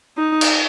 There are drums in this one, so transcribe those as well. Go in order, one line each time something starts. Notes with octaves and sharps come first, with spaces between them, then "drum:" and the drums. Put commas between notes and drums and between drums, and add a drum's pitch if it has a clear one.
D#4
drum: cymbal